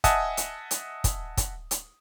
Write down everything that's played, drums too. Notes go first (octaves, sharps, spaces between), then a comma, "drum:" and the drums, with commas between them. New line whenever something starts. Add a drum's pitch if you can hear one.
D#5 E5 F#5 G#5 A5 D#6, drum: kick, hi-hat
drum: hi-hat
drum: hi-hat
drum: kick, hi-hat
drum: kick, hi-hat
drum: hi-hat